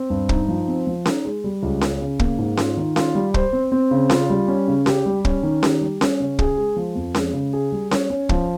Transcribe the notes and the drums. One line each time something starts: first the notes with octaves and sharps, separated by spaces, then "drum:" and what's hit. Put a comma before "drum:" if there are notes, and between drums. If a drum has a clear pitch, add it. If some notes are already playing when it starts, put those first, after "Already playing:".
Already playing: C4
G2
D#4, drum: kick
F3
C4
F3
D#4, drum: snare C#4
G#3
G3
C#2
C#4, drum: snare C#4
C#3
A#3, drum: kick
G#2
F4, drum: snare C#4
D#3
F4, drum: snare C#4
G3
C5, drum: kick
C4
C4
C#3
F4, drum: snare C#4
G3
C#4
C#3
G4, drum: snare C#4
G3
C#4, drum: kick
D#3
G4, drum: snare C#4
G3
C#4, drum: snare C#4
C#3
G#4, drum: kick
G#3
F3
F2
G#3, drum: snare C#4
C#3
G#4
G3
C#5, drum: snare C#4
C#4
F3, drum: kick